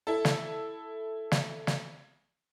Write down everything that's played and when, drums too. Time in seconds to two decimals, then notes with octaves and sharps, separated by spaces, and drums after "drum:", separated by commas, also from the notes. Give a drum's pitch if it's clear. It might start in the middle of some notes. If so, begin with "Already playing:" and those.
0.07 E4 A4
0.25 drum: snare
1.31 drum: snare
1.67 drum: snare